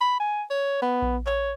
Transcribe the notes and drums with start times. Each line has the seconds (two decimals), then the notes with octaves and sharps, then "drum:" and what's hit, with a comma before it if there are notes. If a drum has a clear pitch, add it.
0.01 B5
0.20 G#5
0.50 C#5
0.82 B3
1.02 drum: kick A#1
1.27 C#5, drum: clap